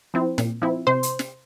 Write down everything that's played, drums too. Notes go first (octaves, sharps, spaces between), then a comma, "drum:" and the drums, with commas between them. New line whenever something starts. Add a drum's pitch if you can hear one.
F3 C4 E4
A#2, drum: snare
F3 C4 E4
C3 C5 C6
drum: hi-hat
drum: snare